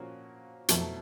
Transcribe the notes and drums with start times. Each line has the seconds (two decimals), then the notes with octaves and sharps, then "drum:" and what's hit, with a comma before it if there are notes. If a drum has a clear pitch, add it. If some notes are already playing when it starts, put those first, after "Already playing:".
Already playing: A#2 F3 A#3 C#4 F#4
0.69 F2 B2 F#3 A3 C4 E4, drum: hi-hat